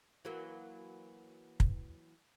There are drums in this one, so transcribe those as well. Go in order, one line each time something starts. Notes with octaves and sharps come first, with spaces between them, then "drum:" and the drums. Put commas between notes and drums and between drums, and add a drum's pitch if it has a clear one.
E3 F#3 A#3
drum: kick